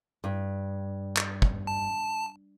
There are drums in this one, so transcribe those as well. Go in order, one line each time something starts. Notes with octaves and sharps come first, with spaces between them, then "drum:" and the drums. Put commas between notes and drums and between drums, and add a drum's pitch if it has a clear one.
G2
drum: clap
drum: kick
A5